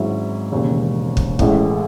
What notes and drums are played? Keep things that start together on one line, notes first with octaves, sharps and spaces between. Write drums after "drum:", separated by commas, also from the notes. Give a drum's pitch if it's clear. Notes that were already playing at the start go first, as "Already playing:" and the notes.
Already playing: G#1 G#2 F#3 C#4 E4
E1 D#2 C#3
drum: kick
A1 A2 G#3, drum: kick